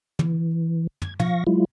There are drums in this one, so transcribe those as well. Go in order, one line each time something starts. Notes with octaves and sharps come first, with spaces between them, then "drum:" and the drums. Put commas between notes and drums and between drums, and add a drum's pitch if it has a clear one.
E3, drum: tom
G#6, drum: tom
F3 F5 C#6 A#6, drum: tom
F#3 G#3 E4 F4